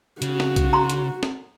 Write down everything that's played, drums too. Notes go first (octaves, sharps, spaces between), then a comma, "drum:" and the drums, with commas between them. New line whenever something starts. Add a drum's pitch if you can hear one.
C#3 F#4, drum: hi-hat
drum: snare
drum: kick, hi-hat
A#5 C6
drum: hi-hat
drum: snare